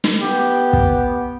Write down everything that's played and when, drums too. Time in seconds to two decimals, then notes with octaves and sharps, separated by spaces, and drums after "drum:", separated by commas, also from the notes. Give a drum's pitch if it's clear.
0.04 drum: snare
0.21 B3 G4
0.73 drum: kick